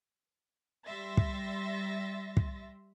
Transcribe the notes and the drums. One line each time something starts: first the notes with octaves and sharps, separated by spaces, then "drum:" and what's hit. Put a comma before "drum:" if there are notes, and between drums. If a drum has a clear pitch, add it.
G3 E5 C6 A6 A#6
drum: kick
drum: kick